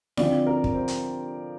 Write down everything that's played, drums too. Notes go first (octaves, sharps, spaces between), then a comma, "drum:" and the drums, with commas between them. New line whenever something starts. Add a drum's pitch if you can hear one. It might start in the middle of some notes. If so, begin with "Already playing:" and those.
D3 F3 C4 D5, drum: snare E4
A#4
drum: kick
C5
drum: hi-hat